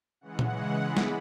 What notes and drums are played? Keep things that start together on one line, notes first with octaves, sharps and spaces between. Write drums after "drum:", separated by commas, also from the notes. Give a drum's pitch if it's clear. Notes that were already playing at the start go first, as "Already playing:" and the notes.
C#3 E3 G#3 F#5
drum: tom A#2
C#3 E3 G#3
E3 G#3 B3 B5
drum: snare